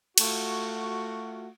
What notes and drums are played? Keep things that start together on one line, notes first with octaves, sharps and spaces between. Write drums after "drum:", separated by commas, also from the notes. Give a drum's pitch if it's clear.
A3 F4 F#4, drum: cymbal